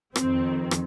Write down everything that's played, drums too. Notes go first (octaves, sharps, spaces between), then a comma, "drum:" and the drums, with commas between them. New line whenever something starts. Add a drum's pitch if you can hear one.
F2 D#3 C4, drum: rim click
drum: rim click